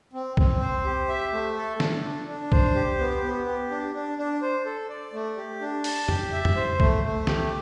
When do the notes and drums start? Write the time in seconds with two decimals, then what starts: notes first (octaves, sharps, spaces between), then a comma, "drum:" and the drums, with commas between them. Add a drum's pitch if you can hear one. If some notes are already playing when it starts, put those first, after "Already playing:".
0.13 C4
0.37 C4, drum: kick B1
0.61 C5
0.85 G4
1.09 E5
1.33 A3
1.56 A4
1.80 D4, drum: snare
2.04 D4
2.28 D4
2.52 C5, drum: kick B1
2.75 G4
2.99 B3
3.23 B3
3.47 G4
3.70 D4
3.95 D4
4.18 D4
4.42 C5
4.66 A4
4.89 D5
5.13 A3
5.37 G4
5.61 D4
5.84 A5, drum: open hi-hat
6.08 G4, drum: tom
6.32 E5
6.45 drum: tom
6.56 C5
6.80 A3, drum: kick B1
7.03 A3
7.27 G4, drum: snare